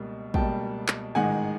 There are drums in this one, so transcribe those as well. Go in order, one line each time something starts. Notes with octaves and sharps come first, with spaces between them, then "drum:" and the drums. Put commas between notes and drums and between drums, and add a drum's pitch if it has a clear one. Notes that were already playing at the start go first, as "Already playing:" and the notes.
Already playing: C#2 B2 G3 A#3
C#2 B2 G3 A#3 G5 A5, drum: kick
drum: clap
A1 G#2 D#3 G#3 F#5 G#5